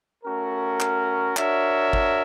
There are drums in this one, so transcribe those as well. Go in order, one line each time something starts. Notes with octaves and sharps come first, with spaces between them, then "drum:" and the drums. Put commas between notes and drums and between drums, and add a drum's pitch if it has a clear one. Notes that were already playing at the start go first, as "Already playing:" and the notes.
A3 C#4 F#4 A#4
drum: clap
D4 F#4 A#4 C#5 E5, drum: clap
drum: kick G1